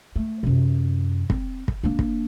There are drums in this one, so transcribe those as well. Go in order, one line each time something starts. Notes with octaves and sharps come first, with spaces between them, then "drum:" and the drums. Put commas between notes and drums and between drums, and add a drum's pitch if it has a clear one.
A3
F#2 C3
C4, drum: kick
drum: kick
A#3 D4
drum: kick